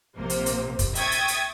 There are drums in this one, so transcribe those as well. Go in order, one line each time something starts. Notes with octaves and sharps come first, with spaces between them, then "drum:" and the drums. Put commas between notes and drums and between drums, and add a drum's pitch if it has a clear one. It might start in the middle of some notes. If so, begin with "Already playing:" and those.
A#1 C3 A#3 C5
drum: hi-hat
drum: hi-hat
drum: kick, hi-hat
E5 G5 C#6 D#6 G#6 A6, drum: hi-hat
drum: hi-hat
drum: hi-hat